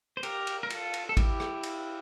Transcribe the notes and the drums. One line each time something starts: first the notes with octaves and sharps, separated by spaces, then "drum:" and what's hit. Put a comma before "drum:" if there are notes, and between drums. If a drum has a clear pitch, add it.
C5
G4 A#4, drum: cymbal
drum: cymbal
A#4
F4 A4, drum: cymbal
drum: cymbal
A4
E4 G4, drum: kick G#1, cymbal
drum: rim click
drum: cymbal